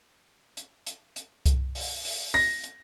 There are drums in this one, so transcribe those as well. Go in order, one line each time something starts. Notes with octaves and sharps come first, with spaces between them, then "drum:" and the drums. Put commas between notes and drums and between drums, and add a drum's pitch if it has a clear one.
drum: hi-hat
drum: hi-hat
drum: hi-hat
drum: kick C2, hi-hat
drum: open hi-hat
drum: open hi-hat
A#6
drum: hi-hat